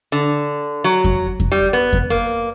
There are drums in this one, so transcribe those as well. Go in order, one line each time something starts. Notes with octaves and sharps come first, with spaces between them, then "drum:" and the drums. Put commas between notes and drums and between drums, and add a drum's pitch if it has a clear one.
D3
F#3
drum: kick F2
drum: kick F2
G3
B3
drum: kick F2
A#3